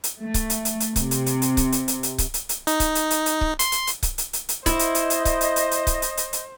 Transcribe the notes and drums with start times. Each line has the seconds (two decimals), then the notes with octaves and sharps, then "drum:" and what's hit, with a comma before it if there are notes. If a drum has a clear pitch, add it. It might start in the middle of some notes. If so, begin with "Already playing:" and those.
0.04 drum: hi-hat
0.24 A3
0.34 drum: kick C#1, hi-hat
0.50 drum: hi-hat
0.65 drum: hi-hat
0.80 drum: hi-hat
0.96 C3, drum: kick C#1, hi-hat
1.11 drum: hi-hat
1.26 drum: hi-hat
1.42 drum: hi-hat
1.57 drum: kick C#1, hi-hat
1.72 drum: hi-hat
1.88 drum: hi-hat
2.03 drum: hi-hat
2.18 drum: kick C#1, hi-hat
2.34 drum: hi-hat
2.49 drum: hi-hat
2.67 D#4, drum: hi-hat
2.80 drum: kick C#1, hi-hat
2.95 drum: hi-hat
3.10 drum: hi-hat
3.26 drum: hi-hat
3.41 drum: kick C#1
3.59 C6, drum: hi-hat
3.72 drum: hi-hat
3.87 drum: hi-hat
4.03 drum: kick C#1, hi-hat
4.18 drum: hi-hat
4.33 drum: hi-hat
4.49 drum: hi-hat
4.66 E4 C5 D#5, drum: kick C#1, hi-hat
4.79 drum: hi-hat
4.95 drum: hi-hat
5.10 drum: hi-hat
5.25 drum: kick C#1, hi-hat
5.41 drum: hi-hat
5.56 drum: hi-hat
5.71 drum: hi-hat
5.87 drum: kick C#1, hi-hat
6.02 drum: hi-hat
6.17 drum: hi-hat
6.33 drum: hi-hat